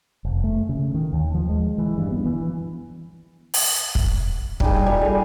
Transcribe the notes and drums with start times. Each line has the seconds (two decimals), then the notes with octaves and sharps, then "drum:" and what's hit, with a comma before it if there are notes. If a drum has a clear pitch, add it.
0.25 F1
0.44 A3
0.69 C#3
0.95 D#3
1.13 D#2
1.34 F3
1.49 G#3
1.78 E3
1.98 G2
2.11 B3
2.26 E3
3.54 drum: open hi-hat
3.95 drum: kick
4.60 G3 D#4 G#4, drum: kick
4.86 A#2 G3 G#5
5.01 G#4 A4